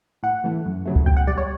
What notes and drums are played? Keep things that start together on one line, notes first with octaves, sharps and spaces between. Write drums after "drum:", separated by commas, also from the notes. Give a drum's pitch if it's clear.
A2 F#5
E3 A3
F#2
C#3 F#3 A3
drum: kick C#2
B2 G5
F#5
G3 D5
C#5